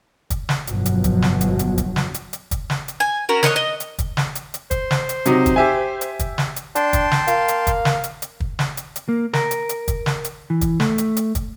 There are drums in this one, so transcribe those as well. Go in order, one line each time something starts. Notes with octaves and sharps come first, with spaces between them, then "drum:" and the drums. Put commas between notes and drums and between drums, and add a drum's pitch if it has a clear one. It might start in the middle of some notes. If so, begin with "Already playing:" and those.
drum: kick, hi-hat
drum: snare
G1 F2 B2 F3 F#3, drum: hi-hat
drum: hi-hat
drum: kick, hi-hat
drum: snare
drum: hi-hat
drum: hi-hat
drum: kick, hi-hat
drum: snare
drum: hi-hat
drum: hi-hat
drum: kick, hi-hat
drum: snare
drum: hi-hat
G#5
C#4 F#4 A#4 A#5
A#4 C#5 D#5 F#6, drum: snare
D#5
drum: hi-hat
drum: kick, hi-hat
drum: snare
drum: hi-hat
drum: hi-hat
C5, drum: kick, hi-hat
drum: snare
drum: hi-hat
C3 F#3 D#4, drum: hi-hat
drum: kick, hi-hat
G4 E5 G#5
drum: hi-hat
drum: kick, hi-hat
drum: snare
drum: hi-hat
D4 G5 A5 C6, drum: hi-hat
drum: kick, hi-hat
drum: snare
A#3 F5, drum: hi-hat
drum: hi-hat
drum: kick, hi-hat
drum: snare
drum: hi-hat
drum: hi-hat
drum: kick
drum: snare
drum: hi-hat
drum: hi-hat
A#3
A#4, drum: snare
drum: hi-hat
drum: hi-hat
drum: kick, hi-hat
drum: snare
drum: hi-hat
E3
drum: kick, hi-hat
A3, drum: snare
drum: hi-hat
drum: hi-hat
drum: kick, hi-hat